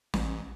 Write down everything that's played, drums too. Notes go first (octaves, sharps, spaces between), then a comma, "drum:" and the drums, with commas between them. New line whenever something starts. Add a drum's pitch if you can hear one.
A1, drum: snare